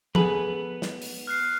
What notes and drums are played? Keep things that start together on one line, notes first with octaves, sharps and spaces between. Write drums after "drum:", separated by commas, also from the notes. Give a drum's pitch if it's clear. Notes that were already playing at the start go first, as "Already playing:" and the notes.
B3 G#4 A4 B4 B5, drum: tom F3
drum: snare
drum: open hi-hat
F6 F#6 C7